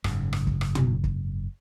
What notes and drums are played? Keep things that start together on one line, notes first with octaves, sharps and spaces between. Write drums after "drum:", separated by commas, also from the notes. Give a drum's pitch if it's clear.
F#1 G#2 C#3, drum: rim click
drum: rim click
drum: kick
drum: rim click
drum: tom
drum: kick